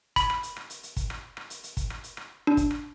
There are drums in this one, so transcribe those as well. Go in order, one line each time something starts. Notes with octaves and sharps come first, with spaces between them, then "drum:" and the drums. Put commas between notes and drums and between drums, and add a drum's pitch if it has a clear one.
B5, drum: kick, hi-hat
drum: rim click
drum: hi-hat
drum: rim click
drum: hi-hat
drum: hi-hat
drum: kick, hi-hat
drum: rim click
drum: rim click
drum: hi-hat
drum: hi-hat
drum: kick, hi-hat
drum: rim click
drum: hi-hat
drum: rim click
D4
drum: kick, hi-hat
drum: rim click